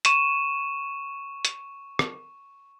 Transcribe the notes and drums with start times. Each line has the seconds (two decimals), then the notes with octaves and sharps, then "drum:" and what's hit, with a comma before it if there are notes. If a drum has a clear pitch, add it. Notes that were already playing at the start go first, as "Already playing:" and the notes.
0.05 C#6 D#7 E7, drum: hi-hat
1.45 drum: hi-hat
1.99 drum: rim click